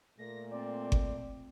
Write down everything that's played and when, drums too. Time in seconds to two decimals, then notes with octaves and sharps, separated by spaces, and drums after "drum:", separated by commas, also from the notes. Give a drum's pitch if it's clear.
0.19 A#2 A3 A#6
0.51 C4 D5
0.92 drum: kick G1